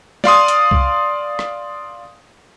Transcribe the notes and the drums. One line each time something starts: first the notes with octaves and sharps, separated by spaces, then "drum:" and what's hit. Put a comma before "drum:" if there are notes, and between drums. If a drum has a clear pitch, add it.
D5 F5 C6 D#6, drum: snare
drum: hi-hat
drum: kick C2
drum: rim click